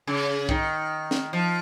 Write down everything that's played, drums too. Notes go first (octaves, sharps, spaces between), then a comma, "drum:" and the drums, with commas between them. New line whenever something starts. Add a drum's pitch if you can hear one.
C#3
D#3, drum: kick
drum: snare
F3